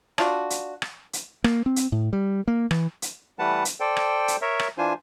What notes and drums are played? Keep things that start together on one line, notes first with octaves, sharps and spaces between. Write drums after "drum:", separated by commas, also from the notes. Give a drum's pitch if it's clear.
D4 F4 F#4, drum: rim click
drum: hi-hat
drum: rim click
drum: hi-hat
A#3, drum: rim click
C4
drum: hi-hat
A2
G3
A#3
E3, drum: rim click
drum: hi-hat
E3 G3 A3 B4 F#5 A5
drum: hi-hat
A4 C5 D5 G5
drum: rim click
drum: hi-hat
A#4 C#5 E5
drum: rim click
E3 D4 F4 C5 G#5